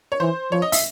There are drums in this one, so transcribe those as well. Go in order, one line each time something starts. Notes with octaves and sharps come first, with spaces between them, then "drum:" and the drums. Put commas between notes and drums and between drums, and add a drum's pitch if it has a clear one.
C#5
E3 C5
F3 C#5
D#5
E5, drum: open hi-hat